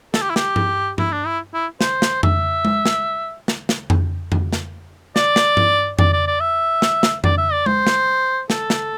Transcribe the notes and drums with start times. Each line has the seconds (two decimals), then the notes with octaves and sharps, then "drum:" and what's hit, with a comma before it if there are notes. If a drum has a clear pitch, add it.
0.14 A4, drum: snare
0.22 G4
0.30 E4
0.36 G4, drum: snare
0.56 drum: tom G2
0.98 E4, drum: tom G2
1.12 D4
1.26 E4
1.54 E4
1.81 C5, drum: snare
2.02 drum: snare
2.23 E5, drum: tom F2
2.65 drum: tom G#3
2.86 drum: snare
3.48 drum: snare
3.69 drum: snare
3.90 drum: tom F2
4.32 drum: tom F2
4.53 drum: snare
5.16 D5, drum: snare
5.36 drum: snare
5.57 drum: tom G2
5.99 D5, drum: tom F2
6.13 D5
6.27 D5
6.40 E5
6.82 drum: snare
7.03 drum: snare
7.24 D5, drum: tom F2
7.38 E5
7.52 D5
7.66 C5, drum: tom G#3
7.87 drum: snare
8.50 A4, drum: snare
8.70 drum: snare